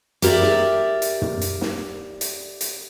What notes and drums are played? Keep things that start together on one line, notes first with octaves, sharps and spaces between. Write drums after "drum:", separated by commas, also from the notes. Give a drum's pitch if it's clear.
G4 A#4 C#5 D5 E5, drum: hi-hat
drum: snare
drum: hi-hat
drum: tom
drum: hi-hat
drum: snare
drum: hi-hat
drum: hi-hat